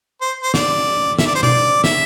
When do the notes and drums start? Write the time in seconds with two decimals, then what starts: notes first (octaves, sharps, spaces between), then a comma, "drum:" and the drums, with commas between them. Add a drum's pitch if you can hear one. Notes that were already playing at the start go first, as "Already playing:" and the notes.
0.22 C5
0.44 C5
0.54 D5, drum: snare
1.19 E5, drum: snare
1.27 D5
1.35 C5
1.43 D5, drum: tom B2
1.84 E5, drum: snare